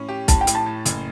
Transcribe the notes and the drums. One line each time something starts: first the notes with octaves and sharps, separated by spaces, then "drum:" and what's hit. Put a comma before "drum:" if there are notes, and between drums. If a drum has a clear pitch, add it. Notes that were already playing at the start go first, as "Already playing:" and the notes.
Already playing: A2 C#4
G4
A2 A5, drum: kick B1, hi-hat
G5
A2, drum: hi-hat
A5
A2
F#1, drum: hi-hat